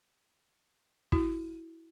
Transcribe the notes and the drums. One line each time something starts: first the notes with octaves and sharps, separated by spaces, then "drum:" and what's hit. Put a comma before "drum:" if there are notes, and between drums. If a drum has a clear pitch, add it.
E4 F#4, drum: kick